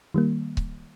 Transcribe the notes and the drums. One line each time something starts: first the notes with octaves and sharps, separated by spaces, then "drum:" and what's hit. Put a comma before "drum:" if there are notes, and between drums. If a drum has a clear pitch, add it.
D#3 G3 A#3
drum: kick C#1